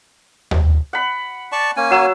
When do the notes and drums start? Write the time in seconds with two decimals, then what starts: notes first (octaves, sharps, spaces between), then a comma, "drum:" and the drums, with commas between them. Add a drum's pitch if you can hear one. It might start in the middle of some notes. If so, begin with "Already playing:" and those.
0.51 drum: tom D#2
0.93 F#5 B5
1.52 D5 A5 C#6
1.77 A#3 C#4 G#5
1.91 F#3 E6